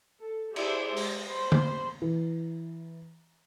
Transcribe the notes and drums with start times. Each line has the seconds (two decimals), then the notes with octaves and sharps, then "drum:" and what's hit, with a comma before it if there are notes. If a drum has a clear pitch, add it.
0.24 A4
0.56 E4 G4 G#4 C5 D5 E5, drum: cymbal
0.97 G#3, drum: open hi-hat
1.30 G3 C5 B5 C6
1.52 drum: tom D3
2.02 E3